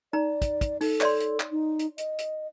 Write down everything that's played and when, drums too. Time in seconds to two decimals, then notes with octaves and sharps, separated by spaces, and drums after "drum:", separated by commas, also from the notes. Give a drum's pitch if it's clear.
0.13 D#4 D5 A#5
0.42 drum: kick, hi-hat
0.61 drum: kick, hi-hat
0.81 D#4 A4, drum: open hi-hat
1.01 C#5 D5 C6, drum: clap
1.20 drum: hi-hat
1.40 drum: clap
1.51 D#4
1.79 drum: hi-hat
1.98 D#5, drum: hi-hat
2.18 drum: hi-hat